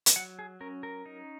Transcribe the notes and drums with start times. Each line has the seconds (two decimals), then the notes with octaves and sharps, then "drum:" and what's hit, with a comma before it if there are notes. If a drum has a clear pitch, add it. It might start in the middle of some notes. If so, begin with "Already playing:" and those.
0.06 drum: hi-hat
0.16 F#3 F#5
0.39 G#4
0.60 C#4 A#4
0.83 A#4
1.06 D#4